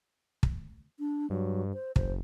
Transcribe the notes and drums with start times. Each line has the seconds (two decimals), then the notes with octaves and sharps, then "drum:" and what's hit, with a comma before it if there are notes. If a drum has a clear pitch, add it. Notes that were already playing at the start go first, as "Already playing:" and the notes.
0.43 drum: kick
0.99 D4
1.30 G2 F#3
1.74 C5
1.96 F#1 C5, drum: kick